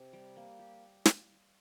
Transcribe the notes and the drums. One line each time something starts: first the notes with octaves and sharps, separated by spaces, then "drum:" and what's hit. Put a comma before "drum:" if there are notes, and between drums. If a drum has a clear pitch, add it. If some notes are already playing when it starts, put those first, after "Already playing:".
Already playing: C3
G3
A#3
G4
drum: snare